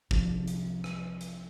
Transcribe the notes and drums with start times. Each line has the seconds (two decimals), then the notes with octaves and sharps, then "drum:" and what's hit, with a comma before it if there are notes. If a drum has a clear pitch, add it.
0.11 C2 F3, drum: kick
0.48 drum: hi-hat
0.84 drum: rim click
1.21 drum: hi-hat